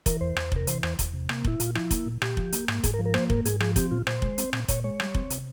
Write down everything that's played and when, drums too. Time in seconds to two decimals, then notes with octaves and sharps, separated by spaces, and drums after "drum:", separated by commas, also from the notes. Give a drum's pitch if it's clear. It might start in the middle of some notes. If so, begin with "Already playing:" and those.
0.06 E3 A#4, drum: kick F1, hi-hat
0.21 E2 C5
0.36 E2, drum: rim click
0.52 C3 A#4, drum: kick F1
0.67 E3 C5, drum: hi-hat
0.83 E2 C5, drum: rim click
0.99 E2, drum: kick F1, hi-hat
1.14 C3
1.29 A#3, drum: rim click
1.45 A#2 E4, drum: kick F1
1.60 A#2 F4, drum: hi-hat
1.75 F3 E4, drum: rim click
1.91 A#3, drum: kick F1, hi-hat
2.06 A#2
2.22 A#2 G4, drum: rim click
2.37 F3, drum: kick F1
2.52 A#3, drum: hi-hat
2.68 G#2, drum: rim click
2.84 G#2 G#4, drum: kick F1, hi-hat
2.94 A#4
2.99 F3
3.05 A#4
3.14 A#3 C5, drum: rim click
3.30 G#2 A#4, drum: kick F1
3.45 G#2 G#4, drum: hi-hat
3.60 F3 G#4, drum: rim click
3.76 C4 G4, drum: kick F1, hi-hat
3.91 A#2 F4
4.07 A#2 C5, drum: rim click
4.22 G#3, drum: kick F1
4.38 C4, drum: hi-hat
4.53 A#2, drum: rim click
4.68 A#2 C#5, drum: kick F1, hi-hat
4.84 G#3 C#5
5.00 G3, drum: rim click
5.14 C4, drum: kick F1
5.30 C3, drum: hi-hat